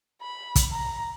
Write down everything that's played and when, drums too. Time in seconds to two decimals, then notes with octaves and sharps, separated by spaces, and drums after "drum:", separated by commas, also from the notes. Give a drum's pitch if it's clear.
0.22 B5
0.56 drum: kick, hi-hat
0.72 A#5